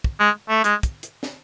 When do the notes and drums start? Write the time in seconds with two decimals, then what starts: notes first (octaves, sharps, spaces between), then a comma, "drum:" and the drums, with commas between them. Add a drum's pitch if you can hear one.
0.04 drum: kick
0.19 G#3
0.49 A3
0.64 G#3, drum: hi-hat
0.83 drum: kick, hi-hat
1.03 drum: hi-hat
1.23 drum: snare